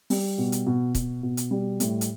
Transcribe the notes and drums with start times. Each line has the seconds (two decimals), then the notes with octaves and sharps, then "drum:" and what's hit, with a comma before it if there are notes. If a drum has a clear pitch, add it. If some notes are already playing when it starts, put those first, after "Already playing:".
0.10 G3, drum: open hi-hat
0.38 B2
0.52 drum: hi-hat
0.66 B2
0.95 B2, drum: kick, hi-hat
1.23 B2
1.37 drum: hi-hat
1.51 G3
1.80 A2, drum: hi-hat
2.01 drum: hi-hat